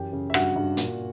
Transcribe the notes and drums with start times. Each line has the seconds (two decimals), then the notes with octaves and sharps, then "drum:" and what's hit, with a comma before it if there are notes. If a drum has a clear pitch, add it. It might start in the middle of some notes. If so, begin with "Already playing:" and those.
Already playing: F#2 E3 G4 G5
0.13 C#3
0.30 E5
0.34 G2 F#4 F#5, drum: rim click
0.56 G2
0.77 A#2, drum: hi-hat